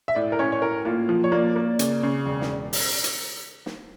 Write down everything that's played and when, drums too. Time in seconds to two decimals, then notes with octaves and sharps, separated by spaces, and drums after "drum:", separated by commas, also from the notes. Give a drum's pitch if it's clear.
0.08 E5
0.15 A2 D5
0.32 A#4
0.39 C#4 C#5
0.52 C#5
0.62 A2 A#4
0.85 A#3 F4
1.09 F3
1.24 C#5
1.32 A#3 D5
1.56 A#3
1.79 C#3, drum: hi-hat
2.03 C#3
2.26 E1
2.42 drum: snare
2.73 drum: open hi-hat
3.04 drum: hi-hat
3.66 drum: snare